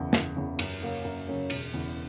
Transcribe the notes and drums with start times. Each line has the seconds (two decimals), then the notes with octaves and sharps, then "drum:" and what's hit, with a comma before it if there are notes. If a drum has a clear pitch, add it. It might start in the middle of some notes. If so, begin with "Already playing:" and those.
Already playing: F#1 E2 C#3
0.13 F#1, drum: snare
0.36 E2 C#3
0.59 F#2, drum: cymbal
0.81 C#3 F#3 A#3 C#4
1.05 F#2
1.27 C#3 F#3 A#3 C#4
1.50 E1, drum: cymbal
1.73 E2 C#3 E3